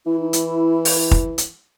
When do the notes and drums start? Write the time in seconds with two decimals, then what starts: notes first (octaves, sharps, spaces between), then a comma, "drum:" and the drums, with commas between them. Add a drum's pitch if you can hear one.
0.06 E3 E4
0.19 D#4
0.33 E4, drum: hi-hat
0.85 drum: open hi-hat
1.11 drum: kick
1.38 drum: hi-hat